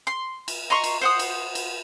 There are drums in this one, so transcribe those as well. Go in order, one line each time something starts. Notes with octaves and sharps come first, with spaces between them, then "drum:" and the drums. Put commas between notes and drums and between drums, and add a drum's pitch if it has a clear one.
C6
drum: cymbal
D#5 A#5 C6 C#6
drum: cymbal
C5 F#5 D#6
drum: cymbal
drum: cymbal